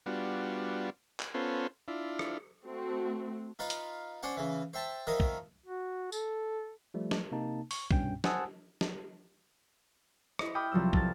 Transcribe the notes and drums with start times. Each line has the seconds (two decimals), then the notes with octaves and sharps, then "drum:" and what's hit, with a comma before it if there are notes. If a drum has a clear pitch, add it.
0.06 G3 B3 D4 F4 F#4
1.20 drum: clap
1.34 B3 C#4 F4 A4 C5
1.88 D4 E4 F4
2.19 drum: rim click
2.65 A3 C4 F#4
3.59 D#4 F4 B4 F5
3.70 drum: hi-hat
4.23 C#4 D4 C5 F#5
4.37 C#3 E3
4.73 C5 E5 G5 A5
5.07 D#3 F3 D#4 A#4 E5 D#6
5.20 drum: kick
5.66 F#4
6.12 A4, drum: tambourine
6.94 F3 G3 A3
7.11 drum: snare
7.32 C3 A#3 D#4 A5
7.71 C#6, drum: open hi-hat
7.91 C2 G2 B2 C#4 G5, drum: kick
8.24 C5 F#5 G#5 A5 D#6 E6, drum: snare
8.81 drum: snare
10.39 E4 D#5, drum: rim click
10.55 G5 B5 D6 D#6 F6 G6
10.72 C2 F3 F#3 B4 E6
10.93 A4 F6 A6, drum: kick